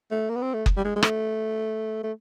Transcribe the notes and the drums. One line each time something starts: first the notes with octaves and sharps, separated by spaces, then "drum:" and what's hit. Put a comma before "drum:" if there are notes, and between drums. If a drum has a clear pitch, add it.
A3
A#3
B3
C4
A3
drum: kick F#1
G3
G#3
G#3
A3, drum: rim click
A3